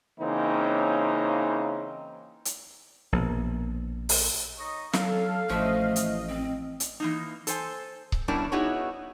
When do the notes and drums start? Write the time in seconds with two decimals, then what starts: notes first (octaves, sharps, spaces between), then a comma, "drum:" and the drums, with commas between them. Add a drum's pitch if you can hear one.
0.20 C#3 E3 A#3 C4 C#4 D#4
2.45 drum: hi-hat
3.12 A#1 B2
4.09 drum: open hi-hat
4.58 D#4 C#5 D#5
4.93 F#3 A4 F5, drum: snare
5.50 A1 F3 A3 D#5 E5
5.96 drum: hi-hat
6.29 C4
6.80 drum: hi-hat
7.00 E3 A#3 D#4
7.47 A4 C5 G#5, drum: hi-hat
8.12 drum: kick C#1
8.28 B2 G3 C#4 D4 E4 A#4
8.52 B3 D#4 E4 F#4 G#4 C#5